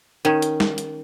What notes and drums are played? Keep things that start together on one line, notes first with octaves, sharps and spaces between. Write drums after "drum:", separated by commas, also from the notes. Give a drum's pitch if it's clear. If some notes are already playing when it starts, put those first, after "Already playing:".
D#3 C#4
drum: hi-hat
drum: snare
drum: hi-hat